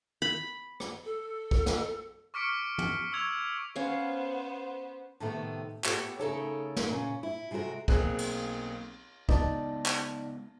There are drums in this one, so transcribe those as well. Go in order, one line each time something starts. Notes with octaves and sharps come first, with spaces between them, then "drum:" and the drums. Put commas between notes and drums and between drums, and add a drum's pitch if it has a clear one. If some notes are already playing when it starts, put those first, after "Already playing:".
B5
drum: rim click
A4
drum: kick
drum: snare
C#6 D6 F6 B6 C#7 D7
drum: tom
C#6 E6 G#6 F7
B3 C#4 C5 F5
A2 C3 D#3 A3 B3
B3 G4 A4 B4 C#5, drum: clap
C#3 A3 D#4 A4 A#4 C#5
drum: snare
A#2 C#3 C#4
E4
C3 G#3 A3 F#4 A#4
B1 A#3 C4 G#4 F#6, drum: kick
drum: cymbal
C#3 G#3 B3 D#4 D5 A5, drum: kick
drum: clap